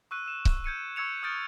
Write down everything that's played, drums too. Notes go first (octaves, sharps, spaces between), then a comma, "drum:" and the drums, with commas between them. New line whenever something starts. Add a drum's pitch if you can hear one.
C#6 E6 F#6 D#7
E6 E7
drum: kick C#1
G6 G#6 C#7 D#7
C#6 E6 G#6 C#7 F7
D#6 F6 G6 A6 D7